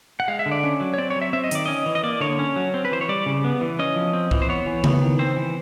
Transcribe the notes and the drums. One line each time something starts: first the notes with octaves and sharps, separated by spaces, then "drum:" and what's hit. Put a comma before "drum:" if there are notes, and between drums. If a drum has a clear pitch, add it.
F#5
G#3 F5
E5
D3
D5
C#4
F#3
C#5
C4 D5
C#5
F#3
E5
C4 E5
D#5
D#3 D5, drum: hi-hat
C#4 D#5
E3
D#5
A#3 D5
D3 C#5
C#4
F#3
C4
B4
E3 C5
C#5
G3 D5
C#3
B3
E3
C#4 D#5
F3
C4
E3, drum: kick C2
C5
B3 C#5
E3
B3, drum: tom C#3
D#3
C4 C5
E3